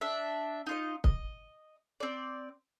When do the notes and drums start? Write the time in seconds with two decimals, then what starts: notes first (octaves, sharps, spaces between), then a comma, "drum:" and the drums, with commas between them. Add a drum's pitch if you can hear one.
0.01 D4 E5
0.67 D#4 F4 D#5
1.04 D#5, drum: kick
2.00 C4 D5